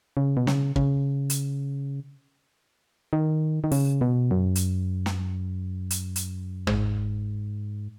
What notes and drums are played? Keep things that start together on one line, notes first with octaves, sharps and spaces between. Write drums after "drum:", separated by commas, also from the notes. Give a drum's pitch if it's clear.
C#3
B2
C#3, drum: snare
C#3, drum: kick
drum: hi-hat
D#3
D#3
C#3, drum: open hi-hat
B2
F#2
drum: hi-hat
drum: snare
drum: hi-hat
drum: hi-hat
G#2, drum: tom G#1